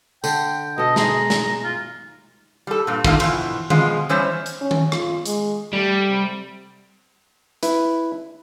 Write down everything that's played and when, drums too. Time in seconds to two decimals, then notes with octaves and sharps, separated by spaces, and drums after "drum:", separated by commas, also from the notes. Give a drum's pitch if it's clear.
0.24 D3 G5, drum: tambourine
0.78 B2 A4 D#5
0.96 G#3 G#4 A#5, drum: snare
1.30 drum: snare
1.64 F4
2.67 G3 A4
2.87 G2 A#2
3.04 D3 D#3 F3 A3 A#3 F4, drum: kick
3.20 B2 E3 F3, drum: cymbal
3.70 B2 F3 G#3 F4, drum: tom D3
4.09 E3 G3 C#4 C5 C#5 E5
4.46 drum: hi-hat
4.61 C#4
4.71 drum: tom D#3
4.92 F4, drum: rim click
5.26 G#3, drum: hi-hat
5.73 G3 A3
6.09 C3
7.63 E4 B4, drum: hi-hat